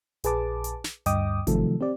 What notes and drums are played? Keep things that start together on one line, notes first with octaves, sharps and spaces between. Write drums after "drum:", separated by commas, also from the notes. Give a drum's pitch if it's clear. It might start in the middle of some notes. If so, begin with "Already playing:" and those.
A#1 G#4 B4 A5 D6, drum: hi-hat
drum: hi-hat
drum: snare
D2 G2 D#5 G5 D6 D#6, drum: hi-hat
C3 D#3 F3 F#3 A3 A4, drum: kick G#1, hi-hat
C4 G4 D5